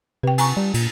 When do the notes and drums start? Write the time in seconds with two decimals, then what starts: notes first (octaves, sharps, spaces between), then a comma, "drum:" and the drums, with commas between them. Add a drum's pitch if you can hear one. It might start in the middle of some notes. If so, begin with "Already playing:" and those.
0.23 C3 B4 G5
0.38 G#5 A#5 C#6, drum: cymbal
0.57 G3
0.74 A#2, drum: cymbal